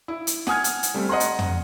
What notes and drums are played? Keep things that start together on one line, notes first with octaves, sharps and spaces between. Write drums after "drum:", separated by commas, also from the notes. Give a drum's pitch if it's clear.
E4
drum: hi-hat
F#5 G#5 D#6 F6 G#6, drum: snare
drum: hi-hat
drum: hi-hat
G3 A3 C4
D#5 F#5 A#5 C6
drum: hi-hat
drum: tom